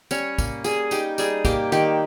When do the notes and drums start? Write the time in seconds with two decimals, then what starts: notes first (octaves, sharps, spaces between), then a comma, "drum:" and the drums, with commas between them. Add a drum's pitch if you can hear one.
0.11 G3 C#4 C#5, drum: tambourine
0.38 A#3, drum: kick, tambourine
0.64 G3 G#4, drum: tambourine
0.91 D#4 G4, drum: tambourine
1.18 G3 G#4, drum: tambourine
1.45 A#3 G4, drum: kick, tambourine
1.72 D#3 G4, drum: tambourine